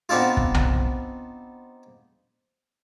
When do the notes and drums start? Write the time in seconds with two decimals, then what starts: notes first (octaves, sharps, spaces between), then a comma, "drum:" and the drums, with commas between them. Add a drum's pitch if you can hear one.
0.09 B3 C4 D4 D#4 F4
0.37 drum: kick
0.54 drum: tom B1